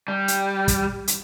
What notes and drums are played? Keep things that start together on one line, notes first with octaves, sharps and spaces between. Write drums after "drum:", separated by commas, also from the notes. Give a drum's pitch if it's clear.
G3
drum: hi-hat
drum: kick, hi-hat
drum: hi-hat